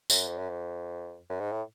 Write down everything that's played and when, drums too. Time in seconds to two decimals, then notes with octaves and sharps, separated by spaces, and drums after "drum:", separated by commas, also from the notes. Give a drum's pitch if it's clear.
0.10 F#2, drum: tambourine
0.27 F2
0.38 F#2
0.49 F2
1.30 F#2
1.40 G#2
1.52 A2